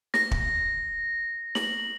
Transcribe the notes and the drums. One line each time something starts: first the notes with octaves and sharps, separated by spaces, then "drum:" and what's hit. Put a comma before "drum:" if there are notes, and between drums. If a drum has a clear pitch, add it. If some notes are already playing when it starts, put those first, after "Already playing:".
A#6, drum: snare
drum: kick
F#7, drum: snare